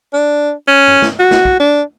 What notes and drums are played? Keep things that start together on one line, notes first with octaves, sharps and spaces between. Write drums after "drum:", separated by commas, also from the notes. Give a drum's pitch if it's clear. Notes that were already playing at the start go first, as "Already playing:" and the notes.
D4
C#4
drum: tom G2
drum: snare
F#4
drum: snare
drum: kick
D4